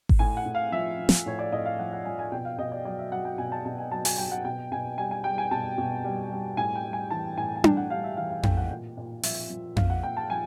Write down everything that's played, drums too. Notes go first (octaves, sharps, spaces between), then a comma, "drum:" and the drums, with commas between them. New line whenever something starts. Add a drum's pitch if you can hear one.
drum: kick G#1
A2 G#5
F#5
A2
F5
F3 E5
F3
drum: snare
A2 C#5
D5
A2 D#5
F5
F3 F#5
F#5
F3 G#5
G#5
B2 G5
F5
B2 D#5
D5
F#3 D5
E5
F#3 F#5
G5
B2 G#5
A5
B2 A5
G#5
F#3 A5
G#5, drum: open hi-hat
F#3 G5
F#5
B2 G5
B2 G#5
G3 G#5
G#5
G3 G5
G#5
B2 A5
B2
G3
G3
A2 G#5
G5
G3
G#5
E3 A5
A2 G#5
G#5
A2 G5, drum: tom D4
F#5
G3 F5
E5
E3 F5
F5
A2 G5, drum: tom F2
F#5
A#2
A#2
F3 E5, drum: open hi-hat
F3
A#2 F5, drum: tom F2
F#5
A#2 G5
A5
F3 G#5